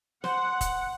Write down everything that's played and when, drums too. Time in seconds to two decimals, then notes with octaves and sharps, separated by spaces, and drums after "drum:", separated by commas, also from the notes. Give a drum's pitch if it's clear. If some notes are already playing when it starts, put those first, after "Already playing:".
0.24 C5 F#5, drum: snare
0.61 drum: kick F1, hi-hat